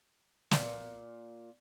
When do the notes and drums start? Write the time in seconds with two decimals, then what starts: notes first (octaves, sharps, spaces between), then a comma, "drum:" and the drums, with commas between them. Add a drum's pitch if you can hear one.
0.51 A#2, drum: snare